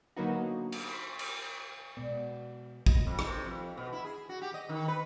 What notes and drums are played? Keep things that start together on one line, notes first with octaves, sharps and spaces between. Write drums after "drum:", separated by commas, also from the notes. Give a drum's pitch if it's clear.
D3 F#3 A#3 B3 D#4 F#4
drum: cymbal
C6 C#6 B6
drum: cymbal
B2 G#3 B3 D5
D#5, drum: kick
F2
C3, drum: rim click
F2
B2
E4
G#4
F#4
G4
D#5
D#3
B4